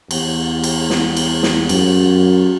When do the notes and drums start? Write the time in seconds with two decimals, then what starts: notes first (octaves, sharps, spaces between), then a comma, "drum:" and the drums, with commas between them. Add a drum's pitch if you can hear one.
0.11 E2, drum: cymbal
0.64 drum: cymbal
0.90 drum: snare
1.17 drum: cymbal
1.43 drum: snare
1.69 F#2, drum: cymbal